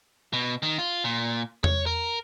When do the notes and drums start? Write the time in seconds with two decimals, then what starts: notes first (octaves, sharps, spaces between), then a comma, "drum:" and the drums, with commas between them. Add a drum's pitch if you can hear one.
0.33 B2
0.63 D#3
0.78 F4
1.04 A#2
1.64 C#5, drum: tom E2
1.86 A#4